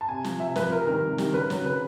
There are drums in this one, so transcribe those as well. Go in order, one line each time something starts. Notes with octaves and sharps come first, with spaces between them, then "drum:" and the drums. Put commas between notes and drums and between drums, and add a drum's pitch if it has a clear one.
A5
C3 G#5
F3, drum: snare
C3 E5
F3 B4, drum: snare
C3 A#4
D#3 G3 A#4
C3
D#3 G3, drum: snare
C#3 B4
F#3, drum: snare
C#3 B4